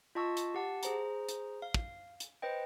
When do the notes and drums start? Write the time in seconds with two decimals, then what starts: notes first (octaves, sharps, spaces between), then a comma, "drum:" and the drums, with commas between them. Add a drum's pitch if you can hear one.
0.15 F4 D#5 A5 C#6 E6
0.37 drum: hi-hat
0.54 G4 F#5 A5
0.83 G#4 C5 A#5, drum: hi-hat
1.29 drum: hi-hat
1.62 F5
1.74 drum: kick
2.20 drum: hi-hat
2.42 B4 C5 D#5 G5